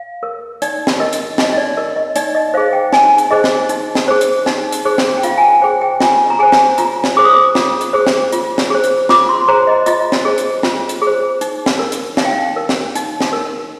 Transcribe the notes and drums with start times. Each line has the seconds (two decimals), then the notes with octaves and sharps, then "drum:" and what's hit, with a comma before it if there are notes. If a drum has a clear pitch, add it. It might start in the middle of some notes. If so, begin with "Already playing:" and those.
Already playing: F5
0.23 A#4
0.62 D#4 D5, drum: hi-hat
0.87 drum: snare
1.00 A#4 D#5
1.13 drum: hi-hat
1.38 D#4 D#5, drum: snare
1.53 D#5
1.57 D5
1.77 A#4 D#5
1.96 D#5
2.16 D#4 D5, drum: hi-hat
2.35 D#5
2.54 G#4 C5 F5
2.73 G5
2.93 D#4 G#5, drum: snare
3.18 drum: hi-hat
3.31 G#4 C5 D#5
3.44 drum: snare
3.69 D#4, drum: hi-hat
3.95 drum: snare
4.08 G#4 C5
4.21 drum: hi-hat
4.46 D#4, drum: snare
4.72 drum: hi-hat
4.85 G#4 C5
4.98 drum: snare
5.17 G5
5.23 F4 F5, drum: hi-hat
5.38 G#5
5.43 G5
5.62 G#4 C5 G5
5.82 G5
6.01 F4 G#5, drum: snare
6.30 A#5
6.39 G#4 C5 G#5
6.52 drum: snare
6.78 F4 A#5, drum: hi-hat
7.04 drum: snare
7.17 G#4 C5 D6
7.24 D#6
7.33 D6
7.55 F4, drum: snare
7.81 drum: hi-hat
7.93 G#4 C5
8.07 drum: snare
8.32 F4, drum: hi-hat
8.58 drum: snare
8.70 G#4 C5
8.84 drum: hi-hat
9.09 F4 D6, drum: snare
9.29 C6
9.48 G#4 C5 A#5
9.67 D#5
9.86 F4 D#5, drum: hi-hat
10.12 drum: snare
10.25 G#4 C5
10.38 drum: hi-hat
10.63 F4, drum: snare
10.89 drum: hi-hat
11.02 G#4
11.07 C5
11.41 D#4, drum: hi-hat
11.66 drum: snare
11.79 A#4
11.92 drum: hi-hat
12.17 D#4 F5, drum: snare
12.25 G5
12.32 F5
12.56 A#4
12.69 drum: snare
12.95 D#4, drum: hi-hat
13.21 drum: snare
13.33 A#4